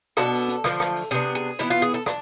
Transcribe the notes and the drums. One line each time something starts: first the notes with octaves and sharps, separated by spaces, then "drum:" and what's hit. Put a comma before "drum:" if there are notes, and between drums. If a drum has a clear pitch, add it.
B2 B3 D4 A4, drum: rim click
drum: open hi-hat
drum: hi-hat
D3 F3 A3, drum: rim click
drum: rim click
drum: open hi-hat
C3 G#3 B3 D4 G#4, drum: hi-hat
G#4
E3 G#3 B3 E4, drum: open hi-hat
F4
G#4
A4
D4, drum: rim click